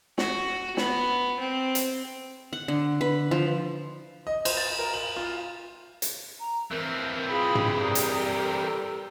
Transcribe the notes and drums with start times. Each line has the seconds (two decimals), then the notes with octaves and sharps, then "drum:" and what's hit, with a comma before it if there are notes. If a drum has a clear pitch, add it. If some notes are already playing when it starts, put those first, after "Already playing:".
0.18 F#4, drum: snare
0.77 B3, drum: snare
1.40 C4
1.75 drum: hi-hat
2.53 F#5
2.68 D3
3.01 B4
3.31 F3
4.27 D#5
4.45 C5, drum: cymbal
4.57 A6
4.79 A#4
4.94 F#7
5.17 F4
6.02 drum: hi-hat
6.40 A#5
6.71 E3 C4 A#4
7.29 F4 G#4 B5
7.55 drum: tom
7.82 G3 A#4
7.95 drum: hi-hat
8.36 A4